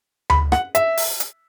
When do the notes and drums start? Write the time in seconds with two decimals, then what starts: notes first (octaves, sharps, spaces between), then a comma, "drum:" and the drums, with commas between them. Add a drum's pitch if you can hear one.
0.30 B5, drum: tom D2
0.52 F#5, drum: rim click
0.75 E5, drum: hi-hat
0.97 drum: open hi-hat
1.20 drum: hi-hat